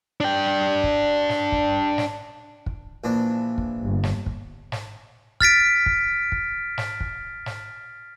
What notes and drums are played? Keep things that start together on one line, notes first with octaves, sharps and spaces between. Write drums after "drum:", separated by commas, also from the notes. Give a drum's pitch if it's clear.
D4 G5
drum: kick
drum: snare
drum: kick
drum: snare
drum: kick
A#1 E3 D4
drum: kick
G1
drum: snare
drum: kick
drum: snare
F6 A6 B6 D7, drum: kick
drum: kick
drum: kick
drum: snare
drum: kick
drum: snare